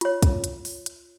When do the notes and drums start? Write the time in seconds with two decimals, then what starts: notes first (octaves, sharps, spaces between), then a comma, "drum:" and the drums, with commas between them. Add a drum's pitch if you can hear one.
0.01 F4 C#5, drum: hi-hat
0.22 drum: kick, hi-hat
0.44 drum: hi-hat
0.65 drum: open hi-hat
0.86 drum: hi-hat